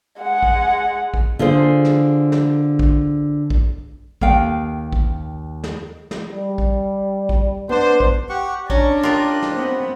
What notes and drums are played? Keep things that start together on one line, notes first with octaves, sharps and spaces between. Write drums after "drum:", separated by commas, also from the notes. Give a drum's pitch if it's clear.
G#3 F#5
drum: kick
drum: kick
D3 F4 G#4 C5
drum: snare
drum: snare
drum: kick
drum: kick
D#2 A#4 F5 G5, drum: kick
drum: kick
drum: snare
drum: snare
G3
drum: kick
drum: kick
B3 D4 C5
drum: kick
G4 F#5 C#6
C#4 D4 A#5 C#6, drum: kick
F4 G4 A#4 D#5 F#6
drum: snare
B3 C4